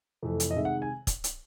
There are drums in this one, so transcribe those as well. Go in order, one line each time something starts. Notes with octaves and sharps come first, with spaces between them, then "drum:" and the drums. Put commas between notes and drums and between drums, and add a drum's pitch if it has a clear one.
F2 C3 E3 A3
drum: hi-hat
D#5
C3 D#3 G#3 E5
F#5
G#5
drum: kick, hi-hat
drum: hi-hat